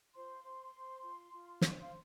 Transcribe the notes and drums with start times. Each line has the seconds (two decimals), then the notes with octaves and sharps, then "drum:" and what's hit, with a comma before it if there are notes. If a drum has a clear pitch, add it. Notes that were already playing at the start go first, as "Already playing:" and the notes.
0.14 F4 C5 C6
0.45 C5
0.74 C5
1.03 F4
1.33 F4
1.61 C5, drum: snare
1.72 D5
1.82 F5